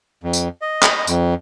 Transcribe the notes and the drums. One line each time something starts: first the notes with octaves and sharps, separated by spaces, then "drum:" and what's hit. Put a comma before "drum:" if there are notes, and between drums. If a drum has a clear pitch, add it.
F2
drum: tambourine
D#5
drum: clap
F2, drum: tambourine